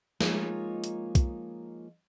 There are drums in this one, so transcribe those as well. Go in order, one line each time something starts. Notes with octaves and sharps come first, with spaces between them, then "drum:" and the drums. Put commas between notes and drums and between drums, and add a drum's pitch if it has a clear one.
F3 G#3 A#3 D#4 F4 C#5, drum: snare
drum: hi-hat
drum: kick, hi-hat